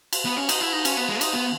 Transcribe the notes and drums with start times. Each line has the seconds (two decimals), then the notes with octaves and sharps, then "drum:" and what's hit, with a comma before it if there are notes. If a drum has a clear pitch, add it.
0.13 drum: cymbal
0.25 B3
0.37 C#4
0.49 D#4, drum: cymbal
0.61 E4
0.73 D#4
0.85 C#4, drum: cymbal
0.97 B3
1.09 G#3
1.21 D#4, drum: cymbal
1.33 B3